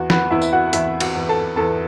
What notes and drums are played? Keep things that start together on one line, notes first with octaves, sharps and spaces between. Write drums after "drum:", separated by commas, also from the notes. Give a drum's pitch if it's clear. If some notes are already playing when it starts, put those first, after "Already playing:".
Already playing: E2 F#4
B3 B4, drum: snare
E2 E4 E5
E5, drum: tambourine
F#4 F#5
F#5
E2 E4 E5, drum: hi-hat
F#4 F#5, drum: cymbal
E2
A4 A5
E2 A4 A5